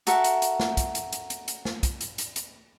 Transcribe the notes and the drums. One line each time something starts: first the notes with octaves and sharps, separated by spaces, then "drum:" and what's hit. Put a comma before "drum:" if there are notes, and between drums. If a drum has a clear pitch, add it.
F#4 A4 A#4 E5, drum: hi-hat
drum: hi-hat
drum: hi-hat
drum: snare
drum: kick, hi-hat
drum: hi-hat
drum: hi-hat
drum: hi-hat
drum: hi-hat
drum: snare
drum: kick, hi-hat
drum: hi-hat
drum: hi-hat
drum: hi-hat